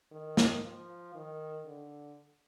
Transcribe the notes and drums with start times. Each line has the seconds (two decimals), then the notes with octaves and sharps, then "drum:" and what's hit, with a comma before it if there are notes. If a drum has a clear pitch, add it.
0.12 D#3
0.37 drum: snare
0.63 F3
1.15 D#3
1.66 D3